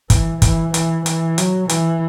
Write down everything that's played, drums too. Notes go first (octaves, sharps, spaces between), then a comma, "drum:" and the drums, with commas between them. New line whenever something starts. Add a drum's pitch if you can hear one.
E3, drum: kick, hi-hat
E3, drum: kick, hi-hat
E3, drum: hi-hat
E3, drum: hi-hat
F#3, drum: hi-hat
E3, drum: hi-hat